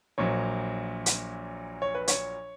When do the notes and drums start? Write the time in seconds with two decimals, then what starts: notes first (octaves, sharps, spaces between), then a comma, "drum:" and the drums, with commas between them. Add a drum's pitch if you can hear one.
0.18 A#1 A#2 F#3 C#5
1.06 drum: hi-hat
1.82 C#5
1.95 B4
2.08 C#5, drum: hi-hat